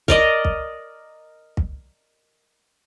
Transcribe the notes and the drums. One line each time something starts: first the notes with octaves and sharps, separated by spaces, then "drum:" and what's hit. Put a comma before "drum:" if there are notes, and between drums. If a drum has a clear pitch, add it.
A#4 D5 D#5, drum: kick
drum: kick
drum: kick